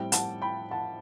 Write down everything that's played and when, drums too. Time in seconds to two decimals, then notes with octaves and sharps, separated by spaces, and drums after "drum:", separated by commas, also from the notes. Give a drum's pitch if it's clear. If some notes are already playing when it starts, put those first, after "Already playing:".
Already playing: A2 G3 C4 E4 G5
0.12 F#5 A5, drum: hi-hat
0.42 G5 B5
0.71 F#5 A5